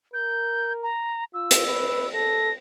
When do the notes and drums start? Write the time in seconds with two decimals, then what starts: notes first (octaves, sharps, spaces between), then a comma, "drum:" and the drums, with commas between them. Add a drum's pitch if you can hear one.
0.14 A#4 G6
0.83 A#5
1.34 F4 E6
1.51 drum: hi-hat
1.68 B4
2.13 A4 A#6